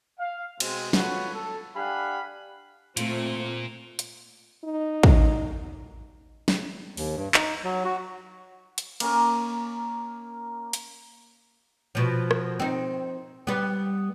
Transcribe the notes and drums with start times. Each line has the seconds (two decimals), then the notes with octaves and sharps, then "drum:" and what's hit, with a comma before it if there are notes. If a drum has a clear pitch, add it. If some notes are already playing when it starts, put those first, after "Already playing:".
0.20 F5
0.60 B2 G#3 C4, drum: cymbal
0.93 F4 F#4 A4 B4 C#5, drum: snare
1.34 A4
1.76 D4 G4 F5 F#5 G#5 B5
2.97 A#2 A3 C4 F4, drum: hi-hat
3.99 drum: hi-hat
4.65 D#4
5.03 drum: kick
6.48 drum: snare
6.97 D#2, drum: open hi-hat
7.16 G2
7.34 D#4, drum: clap
7.64 F#3
7.85 F#4
8.78 drum: hi-hat
9.00 A#3 C#4 A#4, drum: cymbal
10.73 drum: hi-hat
11.95 B2 F3
12.31 drum: rim click
12.60 C4 D#4
13.47 G3 B3